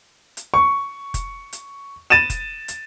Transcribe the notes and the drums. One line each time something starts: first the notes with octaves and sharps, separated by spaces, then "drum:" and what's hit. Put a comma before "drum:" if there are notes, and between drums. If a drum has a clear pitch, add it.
drum: hi-hat
C#6
drum: kick F1, hi-hat
drum: hi-hat
A6 D#7 E7
drum: kick F1, hi-hat
drum: hi-hat